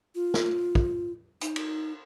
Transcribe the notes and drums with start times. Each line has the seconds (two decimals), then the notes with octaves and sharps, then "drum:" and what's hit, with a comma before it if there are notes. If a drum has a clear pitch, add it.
0.15 F4
0.34 drum: snare
0.75 drum: kick
1.41 D#4, drum: hi-hat
1.56 drum: cymbal